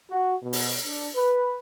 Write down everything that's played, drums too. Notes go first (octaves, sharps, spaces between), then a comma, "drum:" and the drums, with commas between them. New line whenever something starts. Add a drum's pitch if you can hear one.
F#4
B2
drum: open hi-hat
D4
B4